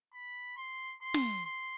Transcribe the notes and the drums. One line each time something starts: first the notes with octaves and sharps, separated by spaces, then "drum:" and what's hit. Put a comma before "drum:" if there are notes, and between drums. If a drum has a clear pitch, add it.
B5
C6
C6
drum: snare
C6